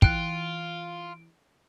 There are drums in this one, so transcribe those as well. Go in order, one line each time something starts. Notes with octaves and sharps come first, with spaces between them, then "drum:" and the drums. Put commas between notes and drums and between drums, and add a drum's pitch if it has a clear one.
E3 F4 G5 F#6 D7, drum: kick